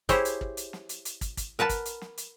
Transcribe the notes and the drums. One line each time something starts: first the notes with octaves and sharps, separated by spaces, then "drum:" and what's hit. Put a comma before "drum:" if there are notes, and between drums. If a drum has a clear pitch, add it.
E4 G4 G#4 C5 C#5, drum: kick, hi-hat
drum: hi-hat
drum: kick
drum: hi-hat
drum: snare
drum: hi-hat
drum: hi-hat
drum: kick, hi-hat
drum: kick, hi-hat
A#4 B4 F#5 A5
drum: kick, hi-hat
drum: hi-hat
drum: snare
drum: hi-hat